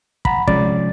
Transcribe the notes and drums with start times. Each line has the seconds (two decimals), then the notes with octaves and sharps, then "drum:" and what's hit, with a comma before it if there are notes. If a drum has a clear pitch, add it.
0.25 F#5 A#5 B5, drum: kick
0.47 C3 F3 G#3 C#4 D5 A6, drum: kick